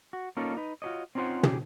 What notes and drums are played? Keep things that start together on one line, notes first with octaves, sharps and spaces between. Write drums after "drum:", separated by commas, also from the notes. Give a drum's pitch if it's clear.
F#4
A#3 C#4 D#4 F4 A4
D#4 B4
F4 F#4 G#4 C#5 D#5
C4 C#4 D#4 F4 C5 F#5
C#3 G4 G#4, drum: tom